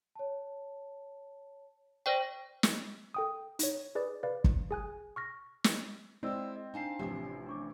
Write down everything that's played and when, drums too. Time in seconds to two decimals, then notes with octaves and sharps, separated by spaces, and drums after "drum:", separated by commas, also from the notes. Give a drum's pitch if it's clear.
0.15 C#5 A5
2.06 C5 D5 G5 C#6 A#6
2.63 drum: snare
3.14 A4 G5 D#6
3.59 D#4 C#5, drum: hi-hat
3.95 G#4 B4 D5
4.23 B4 D5 F5
4.44 drum: kick G1
4.71 G#4 G#5 F#6
5.16 C#6 F6 A#6
5.64 drum: snare
6.23 G#3 C4 E4 D5 D#5 E6
6.56 D#5
6.74 D4 D#4 F5 G#5 A5 C7
6.99 A1 C3 F3 C4
7.47 D4 C#6 D6